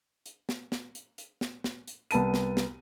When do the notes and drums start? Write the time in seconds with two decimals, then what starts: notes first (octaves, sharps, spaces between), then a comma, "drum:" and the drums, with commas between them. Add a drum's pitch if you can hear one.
0.26 drum: hi-hat
0.49 drum: snare
0.72 drum: snare
0.95 drum: hi-hat
1.18 drum: hi-hat
1.41 drum: snare
1.64 drum: snare
1.87 drum: hi-hat
2.11 C2 B3 A5 D#7, drum: hi-hat
2.34 drum: snare
2.57 drum: snare